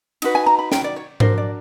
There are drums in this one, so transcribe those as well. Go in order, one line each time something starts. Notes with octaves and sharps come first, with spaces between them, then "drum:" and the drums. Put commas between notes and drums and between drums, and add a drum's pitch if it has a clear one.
D#4 F#4 B4, drum: cymbal
G#5
A#5
B5
G5, drum: snare
D5
C#5
D4 F#4 A#4 C5, drum: tom G#2
D5